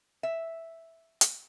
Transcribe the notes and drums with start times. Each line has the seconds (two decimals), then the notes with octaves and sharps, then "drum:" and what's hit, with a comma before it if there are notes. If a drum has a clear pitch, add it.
0.23 E5
1.21 drum: hi-hat